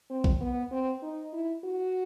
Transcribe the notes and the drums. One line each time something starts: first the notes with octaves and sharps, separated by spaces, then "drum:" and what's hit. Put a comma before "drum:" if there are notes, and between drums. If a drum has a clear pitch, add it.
C4
drum: kick A#1
B3
C4
D#4
E4
F#4